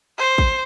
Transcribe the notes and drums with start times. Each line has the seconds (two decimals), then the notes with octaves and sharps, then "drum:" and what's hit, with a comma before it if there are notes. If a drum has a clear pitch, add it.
0.18 C5
0.38 drum: kick